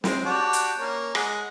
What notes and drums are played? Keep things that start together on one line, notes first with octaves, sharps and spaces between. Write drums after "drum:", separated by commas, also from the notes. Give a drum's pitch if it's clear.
G#3 C4, drum: snare
D4 F#4 G4
drum: hi-hat
A#3 C#4
G#3 G#4 F#5, drum: rim click